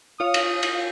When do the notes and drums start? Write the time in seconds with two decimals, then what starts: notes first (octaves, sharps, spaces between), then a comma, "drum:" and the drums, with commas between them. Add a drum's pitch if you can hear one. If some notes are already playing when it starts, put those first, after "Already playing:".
0.20 F4 C#5 F5 D#6
0.34 drum: cymbal
0.63 drum: cymbal